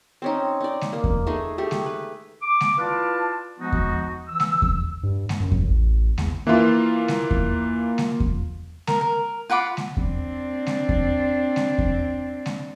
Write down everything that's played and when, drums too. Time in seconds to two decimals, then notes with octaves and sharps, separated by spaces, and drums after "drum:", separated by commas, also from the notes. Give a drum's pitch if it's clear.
0.22 C4 C#4 D#4
0.60 D#4 D5
0.81 drum: snare G#3
0.93 A#3
1.04 drum: kick E2
1.27 A3 D#4 G#4
1.58 A3 G4 G#4
1.71 drum: snare G#3
1.86 B4
2.43 D6
2.61 drum: snare G#3
2.78 E4 F4 B4 D5 F5 A5
3.59 F3 G#3 B3 D#4 F#4
3.72 drum: kick E2
4.28 E3 E6
4.40 drum: snare G#3
4.62 drum: kick E2
5.03 G2
5.29 drum: snare G#3
5.40 F#2
5.52 drum: kick E2
5.64 A1
6.18 E2, drum: snare G#3
6.47 E3 A#3 F4
7.08 drum: snare G#3
7.31 drum: kick E2
7.98 drum: snare G#3
8.20 drum: kick E2
8.87 A#4, drum: snare G#3
9.01 A#4
9.50 F4 F#5 B5 D6
9.77 drum: snare G#3
9.97 C4 D4, drum: kick E2
10.66 drum: snare G#3
10.89 drum: kick E2
11.56 drum: snare G#3
11.78 drum: kick E2
12.46 drum: snare G#3